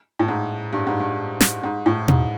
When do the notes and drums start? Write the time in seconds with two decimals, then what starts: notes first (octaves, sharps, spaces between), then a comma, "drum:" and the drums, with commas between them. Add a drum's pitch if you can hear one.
0.19 A2
0.28 G#2
0.73 G2
0.87 G#2
1.00 G2
1.41 drum: snare
1.63 G#2
1.86 A2
2.08 G#2, drum: tom B2